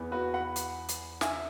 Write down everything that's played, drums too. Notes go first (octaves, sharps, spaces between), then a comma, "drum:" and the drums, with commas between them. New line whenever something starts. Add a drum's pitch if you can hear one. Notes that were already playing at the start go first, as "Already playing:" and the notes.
Already playing: E2 E3 B3
F#4 B4
F#5 B5
drum: hi-hat
drum: hi-hat
E5 G#5, drum: snare